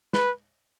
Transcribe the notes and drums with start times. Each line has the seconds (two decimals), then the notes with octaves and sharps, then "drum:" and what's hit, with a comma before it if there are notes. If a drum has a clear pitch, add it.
0.13 B4, drum: snare